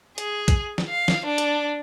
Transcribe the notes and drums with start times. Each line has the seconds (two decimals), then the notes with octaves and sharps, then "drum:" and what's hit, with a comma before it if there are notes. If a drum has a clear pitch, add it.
0.18 G#4, drum: hi-hat
0.48 drum: kick A#1, hi-hat
0.78 drum: snare
0.89 F5
1.08 drum: snare
1.25 D4
1.38 drum: hi-hat